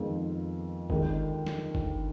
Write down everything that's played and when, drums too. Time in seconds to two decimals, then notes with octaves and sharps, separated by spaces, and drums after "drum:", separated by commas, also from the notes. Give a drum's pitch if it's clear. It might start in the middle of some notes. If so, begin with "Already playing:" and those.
Already playing: F2 D#3 G#3 B3 F4
0.90 D#2 D3 G#3 D4, drum: kick
1.47 drum: snare
1.75 drum: kick